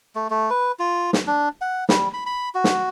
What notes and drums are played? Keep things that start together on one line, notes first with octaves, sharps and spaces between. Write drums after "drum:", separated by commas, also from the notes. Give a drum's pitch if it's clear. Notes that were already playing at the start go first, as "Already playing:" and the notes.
A3
A3
B4
F4
drum: snare
D4
F#5
G3, drum: snare
B5
B5
F#4
drum: snare